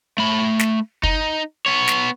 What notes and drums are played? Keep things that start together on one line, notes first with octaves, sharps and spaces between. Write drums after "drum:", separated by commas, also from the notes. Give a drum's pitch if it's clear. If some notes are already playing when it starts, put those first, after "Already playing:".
A3 B5
drum: snare
D#4, drum: kick
B3 C#5
drum: snare